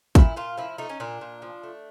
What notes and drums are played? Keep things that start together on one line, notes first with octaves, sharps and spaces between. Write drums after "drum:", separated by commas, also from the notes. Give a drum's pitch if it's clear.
A#2 E4, drum: kick, hi-hat
A#2 F4
F3 E4
A3 D#4
C#4
A#2 D4
A#2
F3
A3